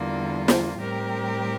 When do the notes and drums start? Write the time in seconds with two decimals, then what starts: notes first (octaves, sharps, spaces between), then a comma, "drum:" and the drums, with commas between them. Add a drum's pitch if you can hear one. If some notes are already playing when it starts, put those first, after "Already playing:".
Already playing: E2 D3 G3 A#3 F4
0.48 drum: snare
0.76 A2 G3 C4 G4 A#4